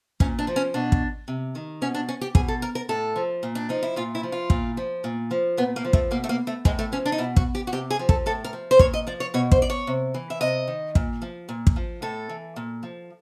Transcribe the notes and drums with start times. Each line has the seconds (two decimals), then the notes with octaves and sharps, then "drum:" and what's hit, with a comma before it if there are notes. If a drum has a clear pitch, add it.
0.20 A#2 C#4, drum: kick
0.39 D4
0.47 F3
0.56 C#4
0.74 B2 D4
0.92 drum: kick
1.28 C3
1.55 D#3
1.82 B2 C#4
1.94 D4
2.09 C#4
2.21 G4
2.35 B2 G#4, drum: kick
2.48 A4
2.62 A#4
2.75 A#4
2.89 A2 A4
3.16 F3
3.43 A#2
3.55 D4
3.69 F3 D#4
3.83 E4
3.96 A#2 F4
4.15 E4
4.23 F3
4.32 F4
4.50 A#2, drum: kick
4.77 F3
5.04 A#2
5.31 F3
5.57 A#2 B3
5.76 A#3
5.85 F3
5.93 A3, drum: kick
6.11 B2 A#3
6.24 A3
6.29 A#3
6.47 A3
6.65 A2 G#3, drum: kick
6.79 A3
6.92 F3 C#4
7.06 D4
7.12 D#4
7.18 B2 E4
7.36 F#4, drum: kick
7.55 G4
7.67 F#4
7.72 C3 G4
7.90 G#4
7.99 F3
8.09 A4, drum: kick
8.26 A2 A4
8.44 A#4
8.53 F3
8.71 C5
8.79 A#2 C#5, drum: kick
8.94 D#5
9.07 F3 D5
9.20 C#5
9.34 B2 C#5
9.52 C5, drum: kick
9.62 D5
9.70 C#5
9.87 C3
10.14 E3
10.30 E5
10.41 C3 D#5
10.67 D#3
10.95 A#2, drum: kick
11.22 F3
11.49 A#2
11.67 drum: kick
11.76 F3
12.02 A2 A4
12.29 E3
12.56 A#2
12.83 F3